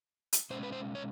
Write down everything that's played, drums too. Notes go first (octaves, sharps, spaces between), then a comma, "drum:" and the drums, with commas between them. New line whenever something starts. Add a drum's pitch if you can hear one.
drum: hi-hat
B2 G#3 C#4 C5
B4
C5
C#5